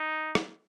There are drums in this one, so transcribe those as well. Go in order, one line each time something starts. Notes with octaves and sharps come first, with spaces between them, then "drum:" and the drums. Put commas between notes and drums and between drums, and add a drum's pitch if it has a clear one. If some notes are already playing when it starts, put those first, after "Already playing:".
Already playing: D#4
drum: rim click